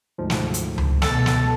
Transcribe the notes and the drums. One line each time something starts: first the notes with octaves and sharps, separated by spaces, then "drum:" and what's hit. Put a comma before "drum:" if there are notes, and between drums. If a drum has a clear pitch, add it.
D2 G#2 F3
drum: snare
drum: hi-hat
drum: tom C#2
B2 A4, drum: snare
drum: snare